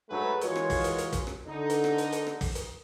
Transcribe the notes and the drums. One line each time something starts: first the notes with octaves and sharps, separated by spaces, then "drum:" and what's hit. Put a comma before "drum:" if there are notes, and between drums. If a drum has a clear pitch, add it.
G#2 F#3 A3 G#4 B4
E3 G#3 F4 F#4 A#4 C#5, drum: hi-hat
drum: rim click
drum: kick, open hi-hat
drum: hi-hat
drum: hi-hat
drum: kick, hi-hat
drum: rim click
D3 D#4
drum: hi-hat
drum: rim click
drum: hi-hat
drum: hi-hat
drum: rim click
drum: kick, open hi-hat
drum: hi-hat